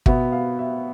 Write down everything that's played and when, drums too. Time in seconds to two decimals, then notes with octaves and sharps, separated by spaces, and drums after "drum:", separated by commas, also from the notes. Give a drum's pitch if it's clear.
0.06 B2 B3 E5, drum: kick
0.32 F5
0.59 E5